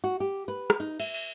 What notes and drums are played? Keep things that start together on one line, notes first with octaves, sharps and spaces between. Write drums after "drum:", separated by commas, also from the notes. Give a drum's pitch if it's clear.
F#4
G4
B4
drum: rim click
D#4
E5, drum: cymbal
drum: cymbal